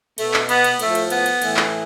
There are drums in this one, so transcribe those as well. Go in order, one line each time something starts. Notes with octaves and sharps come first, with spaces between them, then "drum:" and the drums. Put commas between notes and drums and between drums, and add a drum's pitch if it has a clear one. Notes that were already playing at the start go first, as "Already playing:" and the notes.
B2 A3, drum: cymbal
drum: clap
B3, drum: cymbal
drum: cymbal
A2 F3 A3, drum: cymbal
drum: cymbal
B3, drum: cymbal
drum: cymbal
A2 E3, drum: cymbal
drum: clap